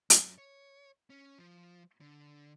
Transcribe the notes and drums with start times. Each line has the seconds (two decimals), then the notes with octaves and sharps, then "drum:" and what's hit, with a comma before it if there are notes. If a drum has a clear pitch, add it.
0.10 F#2, drum: hi-hat
0.38 C#5
1.10 C#4
1.38 F3
2.01 D3